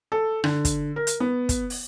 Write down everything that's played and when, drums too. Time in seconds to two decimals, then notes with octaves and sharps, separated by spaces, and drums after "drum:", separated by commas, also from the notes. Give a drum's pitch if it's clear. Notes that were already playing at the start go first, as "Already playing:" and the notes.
0.12 A4
0.44 D3, drum: rim click
0.65 drum: kick, hi-hat
0.96 A#4
1.07 drum: hi-hat
1.20 B3
1.49 drum: kick, hi-hat
1.70 drum: open hi-hat